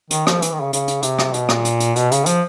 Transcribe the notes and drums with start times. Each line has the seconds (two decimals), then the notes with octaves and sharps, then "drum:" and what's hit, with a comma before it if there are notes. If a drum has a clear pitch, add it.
0.11 D#3, drum: hi-hat
0.27 F3, drum: rim click
0.42 E3, drum: hi-hat
0.52 D#3
0.62 C#3
0.73 C#3, drum: hi-hat
0.88 drum: hi-hat
1.03 C3, drum: hi-hat
1.19 drum: rim click
1.34 B2, drum: hi-hat
1.49 A#2, drum: rim click
1.65 drum: hi-hat
1.80 drum: hi-hat
1.96 B2, drum: hi-hat
2.12 C#3, drum: hi-hat
2.26 F3, drum: hi-hat